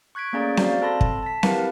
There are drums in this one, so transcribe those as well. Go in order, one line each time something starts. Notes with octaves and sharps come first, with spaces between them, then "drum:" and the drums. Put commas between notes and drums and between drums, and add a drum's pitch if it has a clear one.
C#6 F#6 G#6 B6 D7
A3 A#3 C#4 G#4 D5 A#5
F#4 C5 D5 F5 A#5, drum: snare C4
C4 A4 A5 B5 C6 A#6
drum: kick
A5 B6
E4 G4 A#4 B4 F5 F#5, drum: snare C4